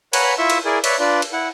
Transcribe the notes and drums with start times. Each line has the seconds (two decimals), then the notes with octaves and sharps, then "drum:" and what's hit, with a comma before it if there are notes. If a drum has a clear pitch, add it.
0.13 B4 C#5 F#5 G#5 A#5 B5, drum: cymbal
0.38 E4 F4 E5 C#6 E6
0.50 drum: cymbal
0.65 E4 G#4 A#4 D5 G#5
0.84 B4 C#5 D5 E5, drum: cymbal
1.00 D4 F4 B4 D5
1.22 drum: cymbal
1.33 E4 F#5